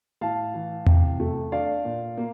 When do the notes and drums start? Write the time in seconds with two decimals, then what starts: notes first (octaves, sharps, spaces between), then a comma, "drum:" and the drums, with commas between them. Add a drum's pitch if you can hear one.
0.21 A2 F5 A5
0.54 E3
0.86 C3, drum: tom E2
1.20 A3
1.52 D4 D5 F5
1.85 A#2
2.17 A#3